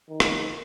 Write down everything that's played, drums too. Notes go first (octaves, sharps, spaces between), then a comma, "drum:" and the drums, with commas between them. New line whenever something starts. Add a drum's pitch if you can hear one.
D#3
drum: rim click